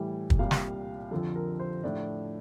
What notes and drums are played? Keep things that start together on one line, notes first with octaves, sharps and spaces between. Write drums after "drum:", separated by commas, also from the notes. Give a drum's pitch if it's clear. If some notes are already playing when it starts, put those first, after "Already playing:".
Already playing: A2 E3 G3
drum: kick
C2 A#2 G3 F5
drum: snare
F2 D3 F3 A4
A#4
C5
A2 F3 D4